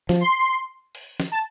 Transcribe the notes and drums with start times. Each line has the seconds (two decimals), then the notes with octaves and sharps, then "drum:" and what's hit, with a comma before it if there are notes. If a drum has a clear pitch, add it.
0.09 F3, drum: snare
0.20 C6
0.95 drum: open hi-hat
1.20 drum: snare
1.32 A5